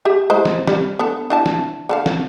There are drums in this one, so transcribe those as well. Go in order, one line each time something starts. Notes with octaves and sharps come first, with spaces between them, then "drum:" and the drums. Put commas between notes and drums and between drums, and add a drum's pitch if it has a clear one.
G4 G#4 E5
G#3 E4 C5
drum: snare
G3, drum: snare
B3 D4 A4
D4 E4 A5
drum: snare
D3 A4 F5
drum: snare